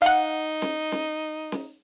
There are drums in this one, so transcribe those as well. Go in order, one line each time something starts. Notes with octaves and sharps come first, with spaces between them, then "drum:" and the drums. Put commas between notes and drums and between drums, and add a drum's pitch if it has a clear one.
D#4 F5 F#5
drum: snare
drum: snare
drum: snare